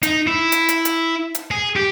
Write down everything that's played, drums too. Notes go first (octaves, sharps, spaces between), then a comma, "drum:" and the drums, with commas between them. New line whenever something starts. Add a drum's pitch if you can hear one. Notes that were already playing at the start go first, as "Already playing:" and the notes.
D#4, drum: hi-hat
E4
drum: hi-hat
drum: hi-hat
drum: hi-hat
drum: hi-hat
G#4
G4